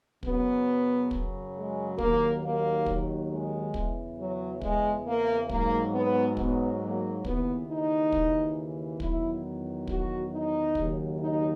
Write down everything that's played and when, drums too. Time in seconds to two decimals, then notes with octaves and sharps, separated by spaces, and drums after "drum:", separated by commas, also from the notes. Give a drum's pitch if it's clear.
0.23 F#2 C#3 F#3 B3, drum: kick
1.11 drum: kick
1.55 G#3
1.98 D#2 D#3 F#3 A#3, drum: kick
2.42 A#3
2.86 drum: kick
3.30 G#3
3.74 E2 C#3 E3, drum: kick
4.18 F#3
4.61 G#3, drum: kick
5.06 A#3
5.49 G#2 F#3 A#3, drum: kick
5.93 B3
6.37 B3, drum: kick
6.81 A#3
7.25 D#2 C#3 E3 B3, drum: kick
7.68 D#4
8.12 drum: kick
9.00 E2 D#3 F#3 E4, drum: kick
9.87 F#4, drum: kick
10.31 D#4
10.75 D#2 C#3 F#3, drum: kick
11.19 D#4